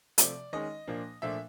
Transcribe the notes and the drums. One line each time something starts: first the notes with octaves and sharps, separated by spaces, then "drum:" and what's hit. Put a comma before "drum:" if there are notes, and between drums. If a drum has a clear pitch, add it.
C3 F3 A3 D5, drum: hi-hat
D#3 G#3 C#4 D#5
A#2 F3 A#3 D4
A#2 F3 A3 D4 E5